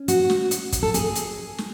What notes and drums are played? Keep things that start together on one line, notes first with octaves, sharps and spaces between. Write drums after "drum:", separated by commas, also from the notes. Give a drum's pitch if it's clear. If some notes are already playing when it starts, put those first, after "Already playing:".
Already playing: C#4
F#4, drum: hi-hat
drum: snare
drum: hi-hat
drum: kick, hi-hat
A4
G#4, drum: hi-hat
drum: hi-hat
drum: snare